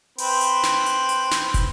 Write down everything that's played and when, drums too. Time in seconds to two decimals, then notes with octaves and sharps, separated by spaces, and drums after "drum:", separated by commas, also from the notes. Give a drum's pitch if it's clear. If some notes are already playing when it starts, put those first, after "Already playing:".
0.18 C4 B4, drum: open hi-hat
0.41 drum: hi-hat
0.64 drum: snare
0.86 drum: hi-hat
1.09 drum: hi-hat
1.32 drum: snare
1.54 drum: kick, hi-hat